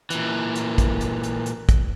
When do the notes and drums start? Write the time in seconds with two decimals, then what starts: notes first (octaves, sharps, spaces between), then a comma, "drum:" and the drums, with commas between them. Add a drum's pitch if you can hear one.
0.10 A#2 E3, drum: hi-hat
0.56 drum: hi-hat
0.78 drum: kick, hi-hat
1.01 drum: hi-hat
1.23 drum: hi-hat
1.46 drum: hi-hat
1.69 drum: kick, hi-hat